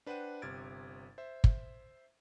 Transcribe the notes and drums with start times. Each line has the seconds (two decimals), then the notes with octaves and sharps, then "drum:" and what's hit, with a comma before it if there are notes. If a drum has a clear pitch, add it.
0.06 D4 B4 C5 F#5 G5 D#7
0.42 G1 C3 F6 G#6 A6 D7
1.18 C5 E5
1.44 drum: kick